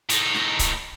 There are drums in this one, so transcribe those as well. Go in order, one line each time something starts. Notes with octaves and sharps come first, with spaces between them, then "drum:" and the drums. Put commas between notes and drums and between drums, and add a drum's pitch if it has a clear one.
A2 D#4, drum: hi-hat
drum: snare
drum: kick C#1, hi-hat